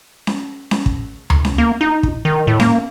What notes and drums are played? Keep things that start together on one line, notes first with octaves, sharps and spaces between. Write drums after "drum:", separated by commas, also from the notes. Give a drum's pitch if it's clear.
drum: snare C#4
drum: snare C#4
drum: kick
drum: tom D2
drum: snare C#4
A#3
D#4
drum: kick
D#3
A2
A#3, drum: snare C#4